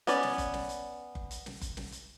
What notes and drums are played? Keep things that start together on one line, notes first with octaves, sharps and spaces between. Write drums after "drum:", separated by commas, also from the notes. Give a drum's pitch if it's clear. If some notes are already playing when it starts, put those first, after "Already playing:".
B3 C#4 B4 D5, drum: hi-hat
drum: snare
drum: kick F#1, hi-hat
drum: snare
drum: hi-hat
drum: kick F#1
drum: hi-hat
drum: snare
drum: kick F#1, hi-hat
drum: snare
drum: hi-hat